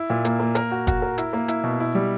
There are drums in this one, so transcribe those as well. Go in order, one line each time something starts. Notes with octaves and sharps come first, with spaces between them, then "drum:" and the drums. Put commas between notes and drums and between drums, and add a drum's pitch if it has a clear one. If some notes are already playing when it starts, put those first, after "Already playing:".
Already playing: E4
A#2
A#3, drum: hi-hat
A#3
A#4, drum: hi-hat
F#4
F#4, drum: kick, hi-hat
A#4
E4, drum: hi-hat
A#3
E4, drum: hi-hat
B2
E4
G3